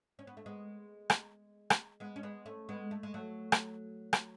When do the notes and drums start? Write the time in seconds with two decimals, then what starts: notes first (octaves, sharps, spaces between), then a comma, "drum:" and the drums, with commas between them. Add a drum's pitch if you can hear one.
0.19 C#4
0.27 B3
0.37 A3
0.46 G#3 B3
1.10 drum: rim click
1.70 drum: rim click
2.00 G#3 B3
2.16 C#4
2.23 G#3 B3
2.46 A3 C#4
2.69 G#3 B3
2.91 A3
3.03 G#3
3.14 F#3 A3
3.52 drum: rim click
4.13 drum: rim click